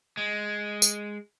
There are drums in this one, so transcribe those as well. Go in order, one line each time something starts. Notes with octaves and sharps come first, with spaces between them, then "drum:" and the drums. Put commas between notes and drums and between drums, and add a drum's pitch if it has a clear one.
G#3
drum: tambourine